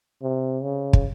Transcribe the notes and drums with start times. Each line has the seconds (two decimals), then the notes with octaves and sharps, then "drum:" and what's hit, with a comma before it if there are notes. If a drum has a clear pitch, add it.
0.22 C3
0.63 C#3
0.93 drum: kick